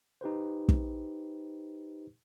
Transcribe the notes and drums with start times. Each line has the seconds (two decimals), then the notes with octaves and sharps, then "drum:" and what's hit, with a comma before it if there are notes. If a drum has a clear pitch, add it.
0.21 D#4 G4 B4 C5
0.69 drum: kick